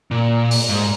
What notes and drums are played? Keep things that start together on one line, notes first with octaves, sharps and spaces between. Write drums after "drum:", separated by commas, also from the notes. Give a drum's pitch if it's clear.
A#2
drum: open hi-hat
G#2